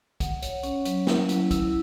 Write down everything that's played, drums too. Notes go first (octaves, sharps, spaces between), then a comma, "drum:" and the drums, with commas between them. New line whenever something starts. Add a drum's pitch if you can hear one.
F#5, drum: kick, hi-hat
C#5, drum: hi-hat
C#4, drum: hi-hat
F#3, drum: hi-hat
E4, drum: snare
F#3, drum: hi-hat
E4, drum: kick, hi-hat